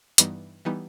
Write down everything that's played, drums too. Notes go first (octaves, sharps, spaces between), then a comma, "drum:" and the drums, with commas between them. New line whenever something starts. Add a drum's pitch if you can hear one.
G2 E3 G3 B3 D#4, drum: hi-hat
E3 G3 B3 D#4